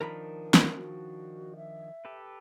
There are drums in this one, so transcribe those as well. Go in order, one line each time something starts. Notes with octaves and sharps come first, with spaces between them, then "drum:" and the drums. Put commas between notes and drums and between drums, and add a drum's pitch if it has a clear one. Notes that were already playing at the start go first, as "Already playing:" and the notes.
D#3 F3 D4 A#4 A#5 B5
drum: snare
F#4
E5
G4 A4 B4